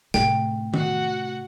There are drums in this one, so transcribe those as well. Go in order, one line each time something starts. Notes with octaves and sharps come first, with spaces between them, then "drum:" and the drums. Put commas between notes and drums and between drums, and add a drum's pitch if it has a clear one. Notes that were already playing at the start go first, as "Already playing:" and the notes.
A2 C3 G5, drum: snare
F#4 F#5, drum: tom D#3